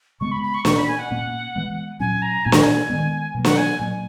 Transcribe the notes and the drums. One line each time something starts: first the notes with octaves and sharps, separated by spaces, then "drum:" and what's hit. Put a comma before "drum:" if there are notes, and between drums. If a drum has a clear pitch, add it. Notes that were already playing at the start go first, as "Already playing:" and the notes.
C#3 G#3 B3 C#6
B5
B5
C#6
A#2 A#3 C#4 C#6, drum: snare
B5
G#5
F#5
A#2 A#3 C#4
E3 G#3 B3
A#2 F#3 C#4 G#5
A#5
A#2 A#3 C#4 G#5
A#5, drum: snare
G#5
D#3 G#3 B3
B2 F#3 A#3
F#5, drum: snare
G#5
A#2 F#3 A#3